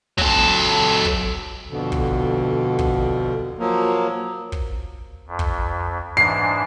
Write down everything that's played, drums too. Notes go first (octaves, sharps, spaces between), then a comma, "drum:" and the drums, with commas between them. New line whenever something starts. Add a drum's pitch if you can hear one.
F#3 A4, drum: kick
drum: kick
F2 B2 D3
drum: kick
drum: kick
F3 F#3 A#3
drum: kick
F2
drum: kick
G#2 E3 D4 C7